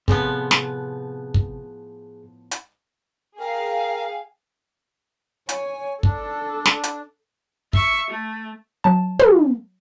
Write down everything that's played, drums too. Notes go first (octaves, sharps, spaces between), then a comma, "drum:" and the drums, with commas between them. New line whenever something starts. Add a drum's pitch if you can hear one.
A2 C3 F3 B3 G#4, drum: kick
drum: snare
drum: kick
drum: hi-hat
G#4 A#4 F5 G5
C#5 G#5, drum: hi-hat
D4 A4, drum: kick
drum: snare
drum: hi-hat
E5 C#6, drum: kick
A3
F#3 A5
drum: tom